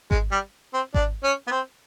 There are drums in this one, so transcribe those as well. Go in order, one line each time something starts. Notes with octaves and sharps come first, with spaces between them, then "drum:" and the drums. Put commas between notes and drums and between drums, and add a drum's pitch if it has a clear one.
G#3, drum: kick G#1
G3
C4
D4, drum: kick G#1
C#4
B3
C4